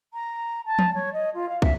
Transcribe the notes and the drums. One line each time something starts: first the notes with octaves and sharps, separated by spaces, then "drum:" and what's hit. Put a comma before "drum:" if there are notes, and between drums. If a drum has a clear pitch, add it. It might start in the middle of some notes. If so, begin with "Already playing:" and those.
A#5
A5
drum: tom F3
C#5
D#5
F4
F5
E5, drum: kick